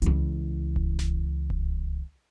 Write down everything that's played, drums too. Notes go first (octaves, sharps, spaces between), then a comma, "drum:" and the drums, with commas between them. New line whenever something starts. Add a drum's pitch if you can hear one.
C#2 E3, drum: hi-hat
drum: kick D1
drum: snare D#1
drum: kick D1